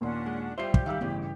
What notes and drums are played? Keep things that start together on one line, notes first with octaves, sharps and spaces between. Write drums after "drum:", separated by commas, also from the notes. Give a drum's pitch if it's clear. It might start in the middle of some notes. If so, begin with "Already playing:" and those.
D#2 A#2 C#4 D4 F#5 C6
G#3
G3 F4 G4 C5 E5 C7
drum: kick
D#3 G3 E5 F5 E6
A1 G2 C#3 E3